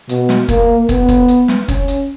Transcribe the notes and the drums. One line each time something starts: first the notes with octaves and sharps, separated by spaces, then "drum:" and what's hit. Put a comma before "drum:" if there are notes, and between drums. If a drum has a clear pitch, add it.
B2, drum: hi-hat
drum: snare
A#3, drum: kick, hi-hat
B3, drum: kick, hi-hat
drum: kick, hi-hat
drum: hi-hat
drum: snare
C#4, drum: kick, hi-hat
drum: hi-hat